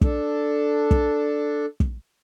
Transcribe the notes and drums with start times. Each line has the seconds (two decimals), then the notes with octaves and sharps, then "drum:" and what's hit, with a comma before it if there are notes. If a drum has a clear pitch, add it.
0.01 D4 A4, drum: kick
0.91 drum: kick
1.80 drum: kick